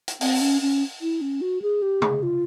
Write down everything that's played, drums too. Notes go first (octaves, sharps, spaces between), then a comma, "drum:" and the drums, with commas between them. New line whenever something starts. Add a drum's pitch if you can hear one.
drum: hi-hat
C4, drum: open hi-hat
C#4
C#4
E4
C#4
F#4
G#4
G4
G#4, drum: tom C3
F4